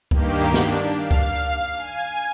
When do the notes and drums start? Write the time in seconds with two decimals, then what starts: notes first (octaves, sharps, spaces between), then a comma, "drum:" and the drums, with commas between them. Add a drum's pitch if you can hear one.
0.11 G2 D#3 A#3 G4, drum: kick C#2
0.54 D4, drum: snare
0.96 F5
1.11 drum: kick C#2
1.77 G#5